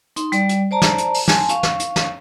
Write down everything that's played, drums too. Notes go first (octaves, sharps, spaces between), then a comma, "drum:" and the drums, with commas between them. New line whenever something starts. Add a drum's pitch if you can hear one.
D#4 C6, drum: hi-hat
G3 D5, drum: hi-hat
drum: hi-hat
C5 D5 A5 A#5
drum: snare
drum: hi-hat
drum: open hi-hat
G#5 A5 C6, drum: snare
F5 C#6, drum: hi-hat
drum: snare
drum: hi-hat
drum: snare